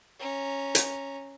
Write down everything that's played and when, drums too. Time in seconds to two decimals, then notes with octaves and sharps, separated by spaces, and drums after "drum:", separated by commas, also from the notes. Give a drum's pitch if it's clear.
0.19 C#4 A#5
0.75 drum: hi-hat